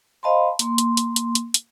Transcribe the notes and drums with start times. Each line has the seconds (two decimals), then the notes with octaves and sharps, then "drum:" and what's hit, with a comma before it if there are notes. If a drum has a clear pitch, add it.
0.23 C5 D#5 F5 A5 B5 C6
0.59 A#3 C6, drum: hi-hat
0.78 drum: hi-hat
0.97 drum: hi-hat
1.16 drum: hi-hat
1.35 drum: hi-hat
1.54 drum: hi-hat